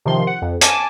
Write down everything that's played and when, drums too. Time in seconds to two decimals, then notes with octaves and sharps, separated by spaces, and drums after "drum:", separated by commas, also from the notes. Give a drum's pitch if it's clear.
0.05 C3 D#3 F3 C6
0.27 F#5
0.42 F2
0.61 G#5 A5 D6, drum: hi-hat